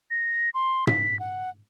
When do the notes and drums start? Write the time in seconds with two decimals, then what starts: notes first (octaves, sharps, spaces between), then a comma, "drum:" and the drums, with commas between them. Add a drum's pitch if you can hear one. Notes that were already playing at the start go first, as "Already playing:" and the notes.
0.11 A#6
0.54 C6
0.87 B6, drum: tom
1.20 F#5